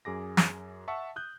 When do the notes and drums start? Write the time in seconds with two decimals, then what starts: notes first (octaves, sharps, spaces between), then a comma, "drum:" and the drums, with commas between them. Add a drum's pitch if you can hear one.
0.05 F#2 G#4 D6 A#6
0.37 drum: snare
0.88 E5 F#5 A5 C#6 E6
1.16 D#6 F#6 G6